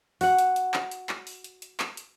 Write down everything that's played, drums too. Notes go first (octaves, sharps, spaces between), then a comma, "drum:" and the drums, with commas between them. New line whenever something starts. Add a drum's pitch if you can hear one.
F#4 F#5, drum: open hi-hat
drum: hi-hat
drum: hi-hat
drum: clap
drum: hi-hat
drum: clap
drum: open hi-hat
drum: hi-hat
drum: hi-hat
drum: clap
drum: hi-hat